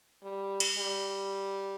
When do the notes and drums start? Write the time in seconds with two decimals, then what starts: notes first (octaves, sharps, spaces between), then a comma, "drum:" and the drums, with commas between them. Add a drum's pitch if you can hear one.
0.23 G3
0.60 drum: cymbal
0.78 G3